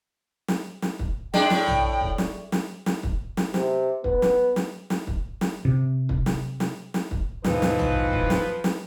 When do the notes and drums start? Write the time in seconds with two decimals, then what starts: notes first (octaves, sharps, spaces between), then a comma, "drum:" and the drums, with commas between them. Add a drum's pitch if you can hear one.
0.48 drum: snare
0.82 drum: snare
0.99 drum: kick
1.34 G#3 D4 G5, drum: snare
1.50 A2, drum: snare
1.67 drum: tom
2.01 drum: kick
2.18 drum: snare
2.52 drum: snare
2.86 drum: snare
3.03 drum: kick
3.37 drum: snare
3.54 C3, drum: snare
4.04 B3, drum: kick
4.22 drum: snare
4.56 drum: snare
4.90 drum: snare
5.07 drum: kick
5.41 drum: snare
5.65 C3
6.09 drum: kick
6.26 drum: snare
6.60 drum: snare
6.94 drum: snare
7.11 drum: kick
7.44 D#2 G#2 B2 E3 F3 C4 D#4 B4, drum: snare
7.62 drum: snare
7.79 drum: tom
8.13 drum: kick
8.30 drum: snare
8.64 drum: snare